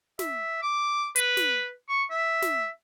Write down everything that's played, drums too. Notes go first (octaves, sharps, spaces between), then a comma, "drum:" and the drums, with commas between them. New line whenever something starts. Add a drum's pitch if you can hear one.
E5, drum: snare
D6
B4, drum: hi-hat
drum: snare
C#6
E5
drum: snare